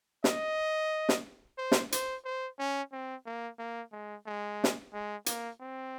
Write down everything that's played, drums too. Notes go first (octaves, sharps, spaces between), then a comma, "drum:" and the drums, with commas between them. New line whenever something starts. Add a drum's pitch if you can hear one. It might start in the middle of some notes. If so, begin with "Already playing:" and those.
D#5, drum: snare
drum: snare
C5
drum: snare
C5, drum: hi-hat
C5
C#4
C4
A#3
A#3
G#3
G#3
drum: snare
G#3
A#3, drum: hi-hat
C4